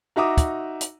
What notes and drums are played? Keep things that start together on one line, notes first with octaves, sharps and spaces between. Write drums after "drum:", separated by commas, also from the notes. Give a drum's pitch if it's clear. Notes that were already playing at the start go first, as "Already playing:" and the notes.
D#4 F#4 E5 A#5 D6 D#6
drum: kick, hi-hat
drum: hi-hat